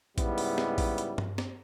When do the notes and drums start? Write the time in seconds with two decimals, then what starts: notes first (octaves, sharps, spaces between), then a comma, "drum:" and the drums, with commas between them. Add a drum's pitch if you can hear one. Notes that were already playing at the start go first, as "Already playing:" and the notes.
0.18 C#2 G#2 G3 B3 E4, drum: kick A#1, hi-hat
0.38 drum: open hi-hat
0.58 drum: snare
0.78 drum: kick A#1, open hi-hat
0.98 drum: hi-hat
1.18 drum: tom G2
1.38 drum: snare